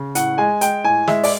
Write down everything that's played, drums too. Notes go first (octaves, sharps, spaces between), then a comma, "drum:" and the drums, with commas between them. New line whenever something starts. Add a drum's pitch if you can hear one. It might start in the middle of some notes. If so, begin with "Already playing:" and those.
Already playing: C#3
A2 F#5, drum: hi-hat
G#3 G#5
G#3 G5, drum: hi-hat
A2 G#5
G#3 E5, drum: snare
D5, drum: open hi-hat